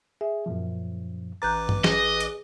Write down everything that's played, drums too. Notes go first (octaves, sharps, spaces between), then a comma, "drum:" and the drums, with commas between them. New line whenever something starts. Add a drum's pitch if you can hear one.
G#4 E5
F#2 A#2 F3
A1 B4 A#5 D6 F#6 G6 A6
drum: tom G2
G#4 D#5, drum: snare
drum: hi-hat